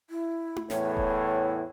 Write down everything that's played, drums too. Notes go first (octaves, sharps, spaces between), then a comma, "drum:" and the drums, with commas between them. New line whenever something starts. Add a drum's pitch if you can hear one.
E4
drum: tom E4
E2 A2 C#5, drum: snare
drum: kick E1